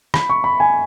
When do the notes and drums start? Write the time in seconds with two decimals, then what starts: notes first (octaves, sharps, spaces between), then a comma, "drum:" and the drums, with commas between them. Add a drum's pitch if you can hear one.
0.14 B5, drum: rim click
0.30 C#6
0.44 B5
0.60 G#5